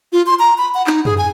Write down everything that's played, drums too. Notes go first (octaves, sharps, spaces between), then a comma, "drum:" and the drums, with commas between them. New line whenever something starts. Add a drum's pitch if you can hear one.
F4
C6
A#5
B5
F#5
D#4, drum: clap
G#4, drum: tom
G#5